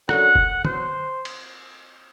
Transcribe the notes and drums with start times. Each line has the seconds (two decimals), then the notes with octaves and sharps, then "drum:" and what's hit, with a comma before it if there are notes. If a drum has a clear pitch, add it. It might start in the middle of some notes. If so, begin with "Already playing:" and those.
0.09 F#2 D3 F#3 F#5, drum: rim click
0.35 drum: kick E1
0.65 B2 F#3 C5, drum: tom
1.25 drum: cymbal